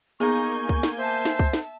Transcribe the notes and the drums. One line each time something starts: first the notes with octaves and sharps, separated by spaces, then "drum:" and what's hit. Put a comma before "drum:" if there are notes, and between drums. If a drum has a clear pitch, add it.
A#3 B3 D#4 G#4 G#5 C#6 G6
drum: kick C#2
drum: snare
C5 E5 A5
drum: snare
drum: kick C#2
drum: snare